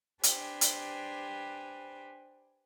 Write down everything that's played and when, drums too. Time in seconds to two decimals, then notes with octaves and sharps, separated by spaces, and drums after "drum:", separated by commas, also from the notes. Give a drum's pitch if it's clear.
0.23 D4 G4 B4 C5 G#5, drum: hi-hat
0.61 drum: hi-hat